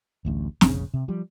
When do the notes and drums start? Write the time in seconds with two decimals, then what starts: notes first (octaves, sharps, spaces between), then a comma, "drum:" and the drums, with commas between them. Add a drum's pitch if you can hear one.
0.25 D1 A1 D2
0.61 F1 A#1 C#3, drum: snare
0.94 C3
1.08 F3 G3